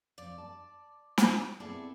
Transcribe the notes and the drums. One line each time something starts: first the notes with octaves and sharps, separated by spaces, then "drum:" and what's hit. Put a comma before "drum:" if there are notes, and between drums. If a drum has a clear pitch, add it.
F2 D5
A5
drum: snare
B3 C4 E4 G#4 A4 D5